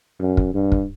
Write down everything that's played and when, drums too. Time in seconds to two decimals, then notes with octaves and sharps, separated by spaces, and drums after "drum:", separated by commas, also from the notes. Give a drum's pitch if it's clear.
0.20 F#2
0.37 drum: kick
0.54 G2
0.72 drum: kick